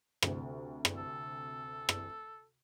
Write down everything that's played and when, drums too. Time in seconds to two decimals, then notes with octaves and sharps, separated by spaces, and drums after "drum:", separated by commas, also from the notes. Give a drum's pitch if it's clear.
0.22 D2 C3, drum: rim click
0.85 drum: rim click
0.97 A4
1.89 drum: rim click